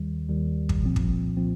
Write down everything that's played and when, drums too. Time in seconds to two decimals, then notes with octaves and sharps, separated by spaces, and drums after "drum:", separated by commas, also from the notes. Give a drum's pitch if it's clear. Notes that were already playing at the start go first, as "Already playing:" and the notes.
Already playing: D#2 D#3 G3
0.29 D#2 D#3 G3
0.69 drum: kick
0.83 C2 A#2 F3 C4
0.96 drum: kick
1.37 A#2 F3 C4